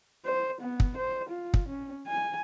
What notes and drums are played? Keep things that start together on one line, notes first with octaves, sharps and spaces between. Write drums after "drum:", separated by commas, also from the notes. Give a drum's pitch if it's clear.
C5
B3
drum: kick
C5
F4
drum: kick
C#4
G#5